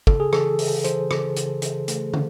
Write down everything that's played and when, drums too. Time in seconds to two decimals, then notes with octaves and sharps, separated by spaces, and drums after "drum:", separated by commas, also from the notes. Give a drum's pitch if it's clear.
0.07 C#3 A4, drum: kick
0.20 G#4
0.33 E3 A4, drum: rim click
0.59 C#3, drum: open hi-hat
0.84 E3 C5, drum: hi-hat
1.11 C#3, drum: rim click
1.36 C#3, drum: hi-hat
1.62 E3, drum: hi-hat
1.88 A3, drum: hi-hat
2.14 E3, drum: tom